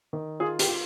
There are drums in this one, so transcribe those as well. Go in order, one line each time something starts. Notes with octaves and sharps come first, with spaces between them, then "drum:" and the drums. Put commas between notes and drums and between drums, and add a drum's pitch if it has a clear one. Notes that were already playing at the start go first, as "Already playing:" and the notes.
D#3
F4 G#4
G4, drum: hi-hat
F4